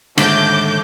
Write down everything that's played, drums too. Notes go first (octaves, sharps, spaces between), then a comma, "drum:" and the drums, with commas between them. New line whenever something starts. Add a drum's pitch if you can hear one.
D#2 G#2 D3 A3 D6 G6, drum: cymbal